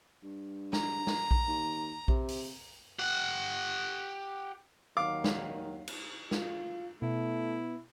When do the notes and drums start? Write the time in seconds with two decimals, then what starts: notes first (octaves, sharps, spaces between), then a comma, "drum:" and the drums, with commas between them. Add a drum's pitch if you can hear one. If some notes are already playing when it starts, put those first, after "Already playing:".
0.23 G2
0.73 A#5, drum: snare
1.07 drum: snare
1.31 drum: kick A#1
1.48 D#2
2.08 C3, drum: kick A#1
2.28 drum: open hi-hat
2.99 G4 F#5
4.97 D#2 D#3 F#3 F5 D6
5.24 drum: snare
5.88 drum: cymbal
6.31 F4, drum: snare
7.02 B2 A3 B3 E4